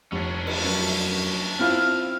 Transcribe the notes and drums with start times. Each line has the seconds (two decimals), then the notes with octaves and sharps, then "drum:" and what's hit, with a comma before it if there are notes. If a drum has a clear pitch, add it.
0.12 F1 C#4 D4
0.46 drum: cymbal
0.64 F#2
1.59 C4 E4 F4 F6